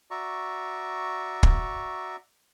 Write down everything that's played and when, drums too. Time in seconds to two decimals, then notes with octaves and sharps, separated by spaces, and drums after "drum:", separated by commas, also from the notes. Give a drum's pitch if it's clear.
0.11 F#4 D5 E5 A#5 C#6
1.43 drum: kick